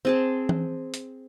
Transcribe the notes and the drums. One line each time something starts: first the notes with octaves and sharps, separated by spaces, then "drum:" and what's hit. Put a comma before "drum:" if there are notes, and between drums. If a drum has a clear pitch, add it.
C4 G#4 A5
drum: tom E3
drum: hi-hat